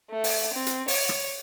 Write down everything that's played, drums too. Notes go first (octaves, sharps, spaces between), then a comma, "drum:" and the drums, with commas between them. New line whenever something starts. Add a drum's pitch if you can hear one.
A3
drum: open hi-hat
C4
drum: hi-hat
C#5, drum: open hi-hat
drum: rim click